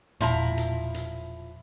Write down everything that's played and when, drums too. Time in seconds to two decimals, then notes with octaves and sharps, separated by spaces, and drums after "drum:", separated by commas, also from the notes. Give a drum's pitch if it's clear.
0.21 E1 A#2 F3 E4 A#5, drum: hi-hat
0.57 drum: hi-hat
0.94 drum: hi-hat